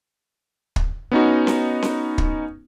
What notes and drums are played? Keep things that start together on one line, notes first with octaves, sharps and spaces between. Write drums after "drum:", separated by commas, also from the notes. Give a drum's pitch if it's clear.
drum: kick
B3 C#4 D#4 F#4
drum: snare C#4
drum: snare C#4
drum: kick